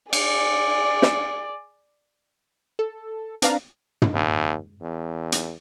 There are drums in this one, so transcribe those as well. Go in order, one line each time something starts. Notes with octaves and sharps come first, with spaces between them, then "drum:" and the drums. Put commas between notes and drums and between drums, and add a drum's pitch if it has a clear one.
G#4 D5, drum: cymbal
drum: snare
A4
C4 D4 B4 D5 F5 A#5, drum: hi-hat
drum: tom
D#2
E2
drum: hi-hat